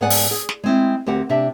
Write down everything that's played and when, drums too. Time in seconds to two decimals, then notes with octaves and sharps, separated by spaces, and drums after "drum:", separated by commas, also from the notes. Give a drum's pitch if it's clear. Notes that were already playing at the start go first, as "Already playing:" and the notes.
0.01 G#2 B3 G#4 D5 F#5 G#5
0.10 drum: open hi-hat
0.31 G#4
0.49 drum: snare
0.63 G#3 C4 E4
1.06 D2 C4 G4 A#4 F#5
1.29 C3 D4 G4 E5